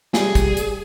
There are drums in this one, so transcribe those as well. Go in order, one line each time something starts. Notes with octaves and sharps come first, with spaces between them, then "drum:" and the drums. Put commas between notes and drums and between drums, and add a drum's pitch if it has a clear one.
G3 G#4, drum: snare
drum: kick, hi-hat
drum: hi-hat